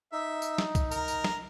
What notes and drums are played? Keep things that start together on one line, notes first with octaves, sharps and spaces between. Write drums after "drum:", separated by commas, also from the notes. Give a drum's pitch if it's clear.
D#4 E5
drum: tambourine
drum: snare
drum: kick B1, tambourine
A#4, drum: tambourine
drum: tambourine
drum: snare